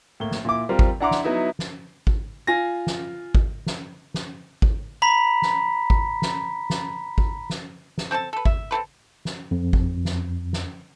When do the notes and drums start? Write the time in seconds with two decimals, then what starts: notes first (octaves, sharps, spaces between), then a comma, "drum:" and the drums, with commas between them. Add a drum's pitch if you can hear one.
0.20 A2 A#3 G7
0.31 drum: snare
0.45 A#2 E4 D6
0.69 G3 C4 F4 A#4
0.79 drum: kick G#1
1.00 D4 E4 F#5 A#5 C6 D6
1.11 drum: snare
1.24 F#3 B3 D#4 E4 E5
1.59 drum: snare
2.07 drum: kick G#1
2.47 F4 G#5 A#6
2.87 drum: snare
3.35 drum: kick G#1
3.66 drum: snare
4.14 drum: snare
4.62 drum: kick G#1
5.02 A#5 B5 B6
5.42 drum: snare
5.90 drum: kick G#1
6.22 drum: snare
6.70 drum: snare
7.18 drum: kick G#1
7.50 drum: snare
7.98 drum: snare
8.11 C4 A4 G5 A5
8.33 A4 B4
8.45 E5, drum: kick G#1
8.71 C4 E4 A4 B4
9.25 drum: snare
9.51 F2
9.73 drum: kick G#1
10.05 drum: snare
10.53 drum: snare